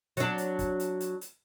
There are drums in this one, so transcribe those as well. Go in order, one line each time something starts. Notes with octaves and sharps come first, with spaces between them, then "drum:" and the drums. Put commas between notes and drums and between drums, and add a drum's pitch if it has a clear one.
F#3 D4, drum: hi-hat
drum: hi-hat
drum: kick, hi-hat
drum: hi-hat
drum: hi-hat
drum: hi-hat